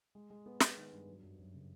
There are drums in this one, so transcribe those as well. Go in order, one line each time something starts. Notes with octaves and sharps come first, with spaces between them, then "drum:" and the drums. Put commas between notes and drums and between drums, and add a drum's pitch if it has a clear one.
G#3
G#3
B3
B3, drum: snare
D#3
G2
F#3
F#2
F#2
C#3